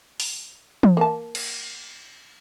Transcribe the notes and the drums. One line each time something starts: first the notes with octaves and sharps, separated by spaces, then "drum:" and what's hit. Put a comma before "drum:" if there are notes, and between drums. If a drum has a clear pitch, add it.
drum: open hi-hat
drum: tom
A#3 A5
drum: cymbal